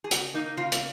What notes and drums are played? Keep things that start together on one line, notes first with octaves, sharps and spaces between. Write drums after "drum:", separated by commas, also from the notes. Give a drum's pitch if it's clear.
G#4
C#3 F#4, drum: hi-hat
A#3 D#4
C#3 F4
drum: hi-hat